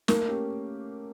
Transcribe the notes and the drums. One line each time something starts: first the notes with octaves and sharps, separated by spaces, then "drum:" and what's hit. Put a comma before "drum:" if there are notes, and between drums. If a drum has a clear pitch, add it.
A3 A#3, drum: snare
C#4 G4